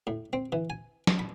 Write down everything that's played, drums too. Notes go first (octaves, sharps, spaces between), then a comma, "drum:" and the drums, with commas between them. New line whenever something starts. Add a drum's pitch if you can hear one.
A2
C4
E3
G#5
drum: snare
B5